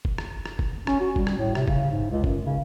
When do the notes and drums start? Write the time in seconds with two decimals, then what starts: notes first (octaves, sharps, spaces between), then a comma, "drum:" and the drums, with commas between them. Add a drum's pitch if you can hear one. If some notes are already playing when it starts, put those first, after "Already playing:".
0.05 drum: kick F#1
0.18 drum: rim click
0.46 drum: rim click
0.59 drum: kick F#1
0.87 C#4, drum: rim click
1.00 F#4
1.16 G3, drum: kick F#1
1.27 drum: rim click
1.37 A2
1.55 C3, drum: rim click
1.68 C#3, drum: kick F#1
1.91 G#2
2.11 C#2
2.24 F#2, drum: kick F#1
2.44 C#3